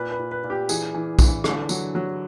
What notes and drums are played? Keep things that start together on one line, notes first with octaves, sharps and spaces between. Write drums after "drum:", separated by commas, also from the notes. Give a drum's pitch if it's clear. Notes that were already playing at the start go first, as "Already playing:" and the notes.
Already playing: A#2 B4
B4
A#2
B4
A#2
G4
E3 G#4, drum: tambourine
E3
E3, drum: kick, tambourine
D3, drum: rim click
F#3, drum: tambourine
F#3